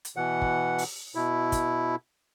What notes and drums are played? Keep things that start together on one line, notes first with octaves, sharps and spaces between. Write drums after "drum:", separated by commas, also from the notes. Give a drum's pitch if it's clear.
drum: hi-hat
B2 E3 F#5
drum: kick
drum: open hi-hat
B2 E4
drum: kick, hi-hat